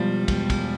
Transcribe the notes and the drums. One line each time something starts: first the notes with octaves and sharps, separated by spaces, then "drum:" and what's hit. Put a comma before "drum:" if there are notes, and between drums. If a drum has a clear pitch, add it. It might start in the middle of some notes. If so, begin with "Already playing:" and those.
Already playing: B2 F3 G3 G#3 B3
E2 B2 G#3 B3, drum: kick, cymbal
drum: kick, cymbal